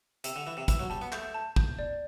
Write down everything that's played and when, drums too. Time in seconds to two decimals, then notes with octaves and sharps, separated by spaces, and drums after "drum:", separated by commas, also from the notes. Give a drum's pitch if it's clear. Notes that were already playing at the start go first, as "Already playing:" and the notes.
0.24 C3 E6, drum: hi-hat
0.36 D3
0.46 E3 E6
0.57 C3
0.68 E3 E6, drum: kick, hi-hat
0.79 F#3
0.90 G3 A5
1.01 B3
1.12 A3 G6, drum: clap
1.34 A5
1.56 G6, drum: kick
1.79 D5